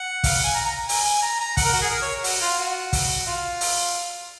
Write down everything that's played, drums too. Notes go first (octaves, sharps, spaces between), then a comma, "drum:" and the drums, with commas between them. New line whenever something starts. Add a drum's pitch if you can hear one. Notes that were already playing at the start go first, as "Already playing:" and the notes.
Already playing: F#5
F5, drum: kick, open hi-hat
F#5
G#5
A#5
A#5
G#5, drum: open hi-hat
A#5
A#5
F#5, drum: kick, open hi-hat
A#4
F#4
G#4
A#4
C#5
F#4, drum: open hi-hat
F4
F#4
drum: kick, open hi-hat
F4
drum: open hi-hat